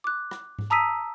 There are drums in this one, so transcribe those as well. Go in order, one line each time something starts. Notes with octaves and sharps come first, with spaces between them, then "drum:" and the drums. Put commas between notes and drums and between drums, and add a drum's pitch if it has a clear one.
D6 F#6
drum: rim click
drum: tom G#2
A5 A#5 D#6 E6 B6 D#7